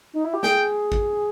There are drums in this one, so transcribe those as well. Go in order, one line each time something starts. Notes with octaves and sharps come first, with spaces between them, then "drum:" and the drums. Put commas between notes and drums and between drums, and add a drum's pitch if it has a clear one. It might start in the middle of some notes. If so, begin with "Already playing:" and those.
D#4
E4
G4
G#4 G5, drum: snare
drum: kick